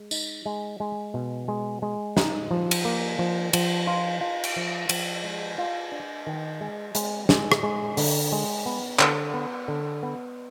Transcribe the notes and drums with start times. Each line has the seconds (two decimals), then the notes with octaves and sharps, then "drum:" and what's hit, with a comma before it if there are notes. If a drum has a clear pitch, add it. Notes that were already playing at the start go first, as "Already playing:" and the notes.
Already playing: G#3
0.11 D#4, drum: tambourine
0.46 G#3
0.80 G#3
1.14 B2
1.48 G#3
1.82 G#3
2.17 D#4, drum: snare
2.51 F3
2.71 drum: cymbal
2.85 A#3
3.19 F3
3.53 F3, drum: cymbal
3.87 F4
4.21 F4
4.44 drum: cymbal
4.56 F3
4.89 F3, drum: cymbal
5.24 G#3
5.58 F4
5.92 D4
6.27 D#3
6.61 G#3
6.95 G#3, drum: hi-hat
7.29 G#3, drum: snare
7.52 drum: rim click
7.63 G#3
7.97 D3, drum: open hi-hat
8.32 G#3
8.66 B3
8.99 D3, drum: clap
9.34 B3
9.68 D3
10.03 B3